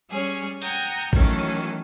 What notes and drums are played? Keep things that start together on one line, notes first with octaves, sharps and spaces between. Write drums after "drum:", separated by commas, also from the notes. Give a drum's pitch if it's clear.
G3 C#4 G#4 C#5
F#5 G5 A#5 D#6 G6 G#6, drum: hi-hat
D#3 E3 F#3 A3 C#4, drum: kick A1